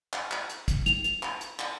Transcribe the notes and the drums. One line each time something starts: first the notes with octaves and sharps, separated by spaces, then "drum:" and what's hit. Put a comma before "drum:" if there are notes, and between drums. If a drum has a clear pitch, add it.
drum: clap
drum: clap
drum: hi-hat
drum: kick, hi-hat
F7, drum: hi-hat
drum: hi-hat
drum: clap
drum: hi-hat
drum: clap